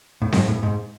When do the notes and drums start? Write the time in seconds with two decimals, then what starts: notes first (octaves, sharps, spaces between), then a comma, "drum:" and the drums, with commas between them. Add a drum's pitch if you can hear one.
0.22 A2
0.32 G#2, drum: snare C4
0.48 A2
0.63 G#2